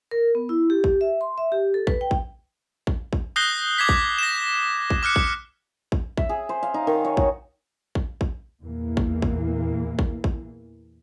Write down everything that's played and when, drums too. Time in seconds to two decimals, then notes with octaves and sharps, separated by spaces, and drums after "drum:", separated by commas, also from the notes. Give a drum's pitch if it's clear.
0.11 A#4
0.35 B3
0.49 E4
0.70 G4
0.84 drum: kick A1
1.01 E5
1.21 C6
1.38 E5
1.52 G4
1.74 A4
1.87 B4, drum: kick A1
2.01 G5
2.11 drum: kick A1
2.87 drum: kick A1
3.13 drum: kick A1
3.36 D#6 F#6 G6 A#6 C7 G7
3.78 D6 G#6 B6
3.89 drum: kick A1
4.18 A#6 E7
4.90 drum: kick A1
5.03 D6 F6 F#6 C#7
5.16 drum: kick A1
5.92 drum: kick A1
6.17 E5, drum: kick A1
6.29 G#4
6.49 C5
6.63 F5
6.74 D#4
6.87 D#3
7.05 C#5
7.17 F#4, drum: kick A1
7.95 drum: kick A1
8.21 drum: kick A1
8.62 E2 A#2 E3 A#3
8.97 drum: kick A1
9.22 drum: kick A1
9.99 drum: kick A1
10.24 drum: kick A1